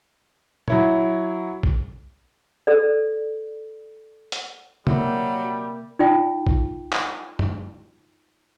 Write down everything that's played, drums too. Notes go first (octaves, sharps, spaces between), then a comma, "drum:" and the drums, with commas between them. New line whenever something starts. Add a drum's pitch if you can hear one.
F#3 E4 C#5, drum: tom
drum: kick
A4 D5
drum: hi-hat
C3 F#3 G3 A#3 E5, drum: tom
D#4 F4 G5
drum: kick
drum: clap
drum: tom